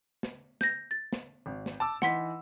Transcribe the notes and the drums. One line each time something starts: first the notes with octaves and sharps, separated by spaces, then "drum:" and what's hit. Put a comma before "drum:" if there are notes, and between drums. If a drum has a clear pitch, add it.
drum: snare
G6 A#6, drum: snare
A6
drum: snare
G#1
drum: snare
A5 D6 E6
E3 D#4 F#5 C6 B6, drum: snare